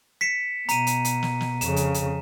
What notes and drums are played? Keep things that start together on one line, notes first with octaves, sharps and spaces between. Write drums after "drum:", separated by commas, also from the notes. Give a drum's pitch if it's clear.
B6 C#7 E7
B2 A#5 D#7, drum: hi-hat
drum: hi-hat
drum: hi-hat
drum: snare
drum: snare
F2 C#3 E7, drum: hi-hat
drum: hi-hat
drum: hi-hat